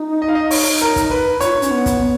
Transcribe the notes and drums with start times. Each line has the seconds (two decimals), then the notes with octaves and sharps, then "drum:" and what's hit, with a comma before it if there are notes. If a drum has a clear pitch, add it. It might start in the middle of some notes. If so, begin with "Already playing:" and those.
Already playing: D#4
0.22 D#5
0.28 F5
0.35 D#5
0.51 C#5, drum: open hi-hat
0.81 A#4
0.96 drum: kick, hi-hat
1.11 B4
1.41 F4 C#5, drum: hi-hat
1.53 D#4
1.62 C#4, drum: hi-hat
1.71 B3
1.86 drum: kick, hi-hat
2.01 B3